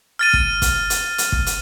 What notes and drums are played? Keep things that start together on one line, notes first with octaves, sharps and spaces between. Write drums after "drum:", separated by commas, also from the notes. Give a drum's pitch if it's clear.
F6 A6 D#7
drum: kick
drum: kick, hi-hat
drum: hi-hat
drum: hi-hat
drum: kick
drum: hi-hat